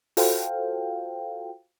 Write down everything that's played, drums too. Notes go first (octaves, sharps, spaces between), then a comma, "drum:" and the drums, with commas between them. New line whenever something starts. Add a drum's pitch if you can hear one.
F4 F#4 A4 C5 F5 G5, drum: open hi-hat